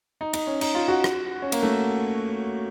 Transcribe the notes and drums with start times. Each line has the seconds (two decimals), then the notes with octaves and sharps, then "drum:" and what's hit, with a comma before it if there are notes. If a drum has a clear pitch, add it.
0.21 D#4
0.33 D#4, drum: cymbal
0.47 C#4
0.61 D#4, drum: cymbal
0.75 F4
0.88 F#4
1.04 drum: rim click
1.42 C#4
1.52 A#3, drum: cymbal
1.63 A3